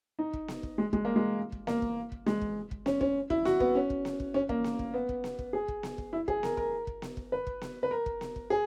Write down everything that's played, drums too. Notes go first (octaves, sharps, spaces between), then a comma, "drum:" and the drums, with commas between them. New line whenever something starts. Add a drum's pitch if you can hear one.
D#4
drum: kick
drum: snare B3
drum: kick
G#3
G#3, drum: kick
A#3
G#3
drum: kick
A#3, drum: snare B3
drum: kick
drum: kick
G#3, drum: snare B3
drum: kick
drum: kick
C#4, drum: snare B3
C#4, drum: kick
E4, drum: kick
F#4, drum: snare B3
B3, drum: kick
C#4
drum: kick
drum: snare B3
drum: kick
C#4
A#3, drum: kick
drum: snare B3
drum: kick
B3
drum: kick
drum: snare B3
drum: kick
G#4
drum: kick
drum: snare B3
drum: kick
E4
G#4, drum: kick
A#4, drum: snare B3
A#4, drum: kick
drum: kick
drum: snare B3
drum: kick
B4
drum: kick
drum: snare B3
B4
A#4
drum: kick
drum: snare B3
drum: kick
G#4